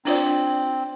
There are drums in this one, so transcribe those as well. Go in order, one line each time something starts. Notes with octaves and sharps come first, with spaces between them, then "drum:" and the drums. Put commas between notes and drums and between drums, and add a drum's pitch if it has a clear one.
C4 D4 F4 D5, drum: open hi-hat